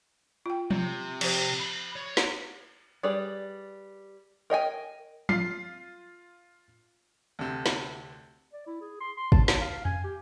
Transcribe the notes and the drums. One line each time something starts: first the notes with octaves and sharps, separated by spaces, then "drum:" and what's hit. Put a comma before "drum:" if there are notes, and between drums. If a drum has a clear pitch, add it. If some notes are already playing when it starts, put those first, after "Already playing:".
F4 G5
C3, drum: tom F3
F3 G4 C5, drum: cymbal
B5
C#5
drum: snare
G3 G#4 B4 D5
A#4 D#5 G5 G#5
F4 C7, drum: tom F3
D2 C3
drum: snare
D5
E4
G#4
C6
C6
A5, drum: kick
A5, drum: snare
F5
G#5, drum: tom F2
G4